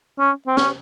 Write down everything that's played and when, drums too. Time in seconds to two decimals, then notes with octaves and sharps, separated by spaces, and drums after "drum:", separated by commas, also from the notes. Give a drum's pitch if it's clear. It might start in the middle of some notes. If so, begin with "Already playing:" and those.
0.19 C#4
0.47 C4
0.57 C#4, drum: snare